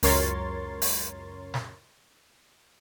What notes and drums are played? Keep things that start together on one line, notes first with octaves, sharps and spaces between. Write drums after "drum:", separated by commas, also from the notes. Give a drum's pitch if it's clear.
C#2 F#2 A#4 C#5 C6 A6, drum: open hi-hat
drum: open hi-hat
drum: snare